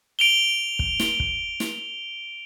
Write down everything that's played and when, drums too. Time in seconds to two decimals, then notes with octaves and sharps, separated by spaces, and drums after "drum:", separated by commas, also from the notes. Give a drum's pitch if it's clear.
0.19 D7 F7 G7
0.79 drum: kick
1.00 drum: snare
1.20 drum: kick
1.60 drum: snare